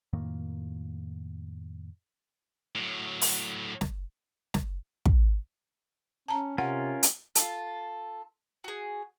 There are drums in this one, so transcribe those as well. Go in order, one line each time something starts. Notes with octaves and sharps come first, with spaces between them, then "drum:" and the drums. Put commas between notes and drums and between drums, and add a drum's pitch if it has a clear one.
F2 A2 D#3 A#3
A2 F#3
drum: open hi-hat
drum: snare
drum: snare
drum: kick
C#4 A5 A#5
C3 C#4 F4 A#4 F#5
drum: hi-hat
F4 A4, drum: hi-hat
F#4 G#4